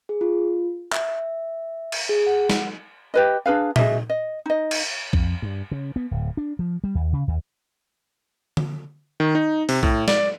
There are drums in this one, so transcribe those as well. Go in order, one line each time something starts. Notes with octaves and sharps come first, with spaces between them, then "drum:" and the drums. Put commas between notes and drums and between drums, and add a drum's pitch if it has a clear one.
G#4
F4
E5, drum: clap
drum: cymbal
G#4
F#5
drum: snare
G4 B4 D#5
D4 G#4 B4 F5
F#4 G#4 D#5 E5, drum: tom A#2
D#5
D#4 D#5
drum: cymbal
F2, drum: kick B1
G2
C#3
B3
D1
D4
F3
G3
D#2
C#3
D#2
drum: tom D3
D#3
D#4
C3, drum: open hi-hat
A2, drum: kick B1
D5, drum: snare